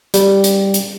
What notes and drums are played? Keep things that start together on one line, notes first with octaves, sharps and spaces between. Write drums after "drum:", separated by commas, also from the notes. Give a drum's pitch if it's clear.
G3, drum: hi-hat
drum: hi-hat
drum: hi-hat